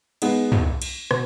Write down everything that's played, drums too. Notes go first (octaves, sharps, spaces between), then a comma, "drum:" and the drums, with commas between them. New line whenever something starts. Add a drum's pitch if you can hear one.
G#3 B3 D#4, drum: cymbal
drum: tom
drum: cymbal
B2, drum: rim click